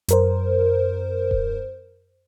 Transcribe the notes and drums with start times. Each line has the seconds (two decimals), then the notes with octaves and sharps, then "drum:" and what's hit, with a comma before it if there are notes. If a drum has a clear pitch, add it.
0.08 F#2 A#4 C5, drum: hi-hat
1.31 drum: kick D#1